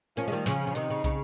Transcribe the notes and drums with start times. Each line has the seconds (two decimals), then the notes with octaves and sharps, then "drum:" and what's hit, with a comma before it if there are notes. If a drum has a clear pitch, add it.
0.17 F3 A#3 C#4, drum: hi-hat
0.28 G#3
0.32 D#3 G3
0.46 C#3 F3 C#4, drum: snare
0.67 C#3
0.75 C3 D#3 D#4, drum: hi-hat
0.90 C#3
1.04 C#3, drum: kick, hi-hat